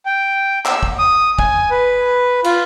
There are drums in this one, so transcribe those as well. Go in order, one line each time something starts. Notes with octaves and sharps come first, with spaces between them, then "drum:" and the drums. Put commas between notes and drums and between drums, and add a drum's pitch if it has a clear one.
G5
E6, drum: clap
drum: kick
D#6
G#5, drum: kick
B4
F4, drum: cymbal